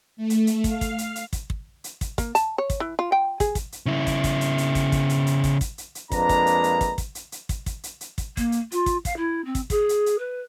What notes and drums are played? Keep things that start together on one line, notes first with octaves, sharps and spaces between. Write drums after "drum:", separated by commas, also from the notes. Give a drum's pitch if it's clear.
A3
drum: hi-hat
drum: hi-hat
F5, drum: kick, hi-hat
drum: kick, hi-hat
drum: hi-hat
drum: hi-hat
drum: kick, hi-hat
drum: kick
drum: hi-hat
drum: kick, hi-hat
A#3, drum: kick, hi-hat
A5, drum: hi-hat
C#5
drum: kick, hi-hat
E3
F4
G5
G#4, drum: kick, hi-hat
drum: kick, hi-hat
drum: hi-hat
C#3 E4
drum: kick, hi-hat
drum: kick, hi-hat
drum: hi-hat
drum: hi-hat
drum: kick, hi-hat
drum: kick, hi-hat
drum: hi-hat
drum: hi-hat
drum: kick, hi-hat
drum: kick, hi-hat
drum: hi-hat
drum: hi-hat
F2 G#3 A#3 D4 B4 A#5, drum: kick, hi-hat
drum: kick, hi-hat
drum: hi-hat
drum: hi-hat
drum: kick, hi-hat
drum: kick, hi-hat
drum: hi-hat
drum: hi-hat
drum: kick, hi-hat
drum: kick, hi-hat
drum: hi-hat
drum: hi-hat
drum: kick, hi-hat
A#3, drum: kick, hi-hat
drum: hi-hat
F4, drum: hi-hat
drum: kick, hi-hat
F5, drum: kick, hi-hat
E4
C4
drum: kick, hi-hat
G#4, drum: kick, hi-hat
drum: hi-hat
drum: hi-hat
B4